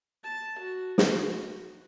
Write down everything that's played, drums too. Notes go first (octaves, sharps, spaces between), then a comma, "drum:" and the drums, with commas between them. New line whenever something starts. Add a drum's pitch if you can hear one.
A5
F#4
F#4, drum: snare